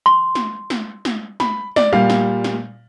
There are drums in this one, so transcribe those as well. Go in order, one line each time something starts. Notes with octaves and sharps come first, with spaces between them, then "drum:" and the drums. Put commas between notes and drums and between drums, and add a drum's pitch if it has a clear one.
C6
drum: snare
drum: snare
drum: snare
B5, drum: snare
D5, drum: snare
A#2 G3 F5
drum: snare
drum: snare